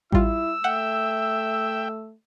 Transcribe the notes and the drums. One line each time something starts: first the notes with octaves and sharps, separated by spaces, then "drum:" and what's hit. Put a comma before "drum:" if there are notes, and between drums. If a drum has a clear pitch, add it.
G3 E4 F4 E6, drum: kick A1
A3 E5 F#5 G5